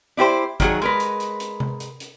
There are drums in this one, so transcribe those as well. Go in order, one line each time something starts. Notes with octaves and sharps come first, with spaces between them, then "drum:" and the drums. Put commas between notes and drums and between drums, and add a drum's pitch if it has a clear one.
D4 E4 G4 C5
D#3 F#3 G#4, drum: kick, hi-hat
G#3 A#4 B4
drum: hi-hat
drum: hi-hat
drum: hi-hat
drum: tom C3
drum: hi-hat
drum: hi-hat